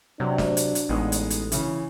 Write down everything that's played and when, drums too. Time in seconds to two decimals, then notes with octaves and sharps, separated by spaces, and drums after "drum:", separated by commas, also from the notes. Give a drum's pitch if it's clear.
0.20 C3 F#3 D4
0.38 drum: snare
0.57 drum: hi-hat
0.75 drum: hi-hat
0.89 A1 G#3 B3 D#4
1.12 drum: hi-hat
1.30 drum: hi-hat
1.52 C#3 E3 E4, drum: hi-hat